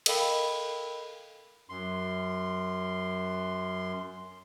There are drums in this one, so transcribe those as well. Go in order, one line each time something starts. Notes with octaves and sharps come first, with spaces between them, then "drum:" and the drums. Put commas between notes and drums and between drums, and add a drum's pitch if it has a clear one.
A4 A#4 D#5 F5 G5 B5, drum: cymbal
F#2 C6